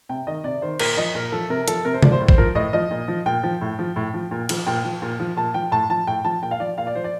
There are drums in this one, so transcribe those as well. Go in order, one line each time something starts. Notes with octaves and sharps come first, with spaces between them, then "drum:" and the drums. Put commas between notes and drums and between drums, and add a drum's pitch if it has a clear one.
C3 G5
D#3 D#5
C3 D5
D#3 C5
A#2 A#4, drum: cymbal
F3 D#5
A#2 A#4
F3 A4
C3 A#4
F3 A4, drum: hi-hat
C3 A#4
C5
F3 D5, drum: tom C3
C5
A2
C5, drum: kick A1
F3 A#4
A2 D#5
F3 D#5
A#2
F3
A#2 G5
F3
A2
F3
A2
F3
A#2
F3, drum: cymbal
A#2 G5
F3
A#2
F3
A#2 A5
F3 G5
A2 A5
F3 A5
A2 G5
F3 A5
A#2 G5
F5
F3 D5
A#2 F5
D5
F3 C5
D5